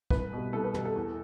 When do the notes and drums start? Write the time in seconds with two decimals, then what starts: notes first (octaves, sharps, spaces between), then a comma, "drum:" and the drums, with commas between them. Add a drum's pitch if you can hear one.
0.10 C2 B4, drum: kick
0.33 B2 G3
0.53 C2 A4
0.64 B4
0.74 B2 G3, drum: tom
0.85 A4
0.96 E2